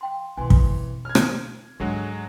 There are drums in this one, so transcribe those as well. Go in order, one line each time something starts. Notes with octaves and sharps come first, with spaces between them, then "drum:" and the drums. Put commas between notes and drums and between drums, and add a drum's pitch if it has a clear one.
F5 G5 C6
B2 E3 C4 G#5 C6
drum: kick
F6 G#6
drum: rim click
D2 G#2 D3 F#3 G#3 F#4